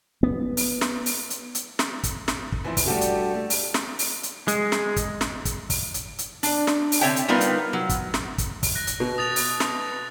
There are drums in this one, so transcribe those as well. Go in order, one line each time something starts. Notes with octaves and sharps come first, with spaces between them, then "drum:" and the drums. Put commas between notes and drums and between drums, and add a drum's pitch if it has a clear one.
B3
drum: open hi-hat
drum: snare
drum: open hi-hat
drum: hi-hat
drum: hi-hat
drum: snare
drum: kick, hi-hat
drum: snare
drum: kick
E3 F3 C4 E4
drum: kick, open hi-hat
G3 A3 D4 F#4 G4 A4
drum: hi-hat
A3
drum: open hi-hat
drum: snare
drum: open hi-hat
drum: hi-hat
G#3, drum: hi-hat
drum: snare
drum: kick, hi-hat
drum: snare
drum: kick, hi-hat
drum: kick, open hi-hat
drum: hi-hat
drum: hi-hat
D4, drum: open hi-hat
drum: snare
drum: open hi-hat
D3 C4 A4 C#5 E5 G5
drum: hi-hat
G3 B3 D#4 F4 A#4 B4
drum: hi-hat
F#3
drum: kick, hi-hat
drum: snare
drum: kick, hi-hat
drum: kick, open hi-hat
F#6 A#6
drum: hi-hat
B2
D#6 A6 F7
drum: open hi-hat
drum: snare